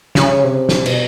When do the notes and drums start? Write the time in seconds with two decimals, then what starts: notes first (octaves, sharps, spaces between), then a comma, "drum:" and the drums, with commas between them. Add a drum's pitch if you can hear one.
0.15 C#3, drum: snare
0.44 C3
0.69 drum: snare
0.86 B2, drum: cymbal